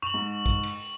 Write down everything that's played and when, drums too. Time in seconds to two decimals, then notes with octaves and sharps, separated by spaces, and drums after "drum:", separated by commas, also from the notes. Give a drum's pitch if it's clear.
0.02 C#6 F7 F#7
0.14 G#2
0.46 drum: kick
0.63 drum: cymbal